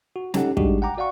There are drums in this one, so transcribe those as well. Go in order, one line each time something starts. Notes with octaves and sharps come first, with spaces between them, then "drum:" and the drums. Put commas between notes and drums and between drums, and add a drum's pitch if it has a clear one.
F#4
C#4 D#4 G4 A4 F#5, drum: snare
G3 G#3 D4 D#4 F#4 G4, drum: kick
F#5 G5 A#5 D6
F#4 D5 F5 F#5 C#6